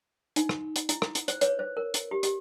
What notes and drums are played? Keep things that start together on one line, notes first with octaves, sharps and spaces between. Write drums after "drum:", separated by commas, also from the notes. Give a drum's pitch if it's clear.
D#4, drum: hi-hat
drum: rim click
drum: hi-hat
E4, drum: hi-hat
E4, drum: rim click
drum: hi-hat
C5, drum: hi-hat
B4 C#5, drum: hi-hat
C5
A#4
drum: hi-hat
G4
G4, drum: hi-hat